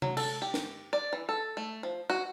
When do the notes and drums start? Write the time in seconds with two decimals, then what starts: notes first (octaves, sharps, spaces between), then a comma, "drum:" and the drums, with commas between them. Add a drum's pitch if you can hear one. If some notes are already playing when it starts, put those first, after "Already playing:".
0.02 F#3, drum: tom C3
0.17 A4, drum: cymbal
0.42 G4
0.54 drum: snare
0.93 D5
1.13 E3
1.29 A4
1.57 A3
1.83 F3
2.10 F#4